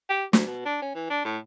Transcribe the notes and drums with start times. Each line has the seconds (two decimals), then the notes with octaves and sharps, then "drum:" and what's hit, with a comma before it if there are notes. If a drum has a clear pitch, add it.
0.09 G4
0.33 D2, drum: snare
0.47 B2
0.65 D4
0.82 C#4
0.95 E3
1.10 D4
1.25 A2